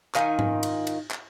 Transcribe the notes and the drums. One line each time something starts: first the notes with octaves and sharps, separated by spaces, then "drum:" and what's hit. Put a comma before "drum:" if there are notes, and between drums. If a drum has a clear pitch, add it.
D#3 D#4 F4 G#5, drum: clap
drum: tom G#2
drum: cymbal
drum: cymbal
drum: clap